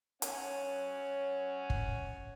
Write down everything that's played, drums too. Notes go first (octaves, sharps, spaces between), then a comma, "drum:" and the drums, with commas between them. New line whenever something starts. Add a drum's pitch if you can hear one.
C#4 C#5 F#5, drum: hi-hat
drum: kick